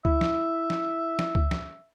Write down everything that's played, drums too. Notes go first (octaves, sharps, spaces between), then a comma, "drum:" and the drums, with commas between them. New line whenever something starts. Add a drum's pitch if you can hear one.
E4 E5, drum: kick C#2
drum: snare
drum: snare
drum: snare
drum: kick C#2
drum: snare